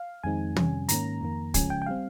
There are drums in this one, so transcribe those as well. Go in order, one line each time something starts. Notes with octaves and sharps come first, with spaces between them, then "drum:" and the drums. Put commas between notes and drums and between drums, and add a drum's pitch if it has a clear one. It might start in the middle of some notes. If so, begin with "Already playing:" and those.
Already playing: F5
F2 D#3 G#3 C4 D#4 G#5
F2 C3 G3 C#4, drum: tom
G#2 D#3 A#3 C#4 A#5, drum: hi-hat
F2 D#3 A#3
C#3 F3 G#3 C#4 G#5, drum: kick, hi-hat
G5
G5
G3 C4 F5